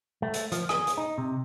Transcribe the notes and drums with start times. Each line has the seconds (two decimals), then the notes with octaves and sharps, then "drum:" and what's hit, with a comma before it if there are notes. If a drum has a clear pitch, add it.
0.22 A3
0.34 drum: hi-hat
0.52 F3, drum: hi-hat
0.69 G#4, drum: rim click
0.87 drum: hi-hat
0.98 D#4
1.18 C3